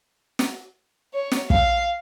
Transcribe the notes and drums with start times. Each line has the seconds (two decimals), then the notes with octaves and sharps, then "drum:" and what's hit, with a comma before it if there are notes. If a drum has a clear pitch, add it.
0.39 drum: snare
1.14 C#5
1.32 drum: snare
1.50 F5, drum: kick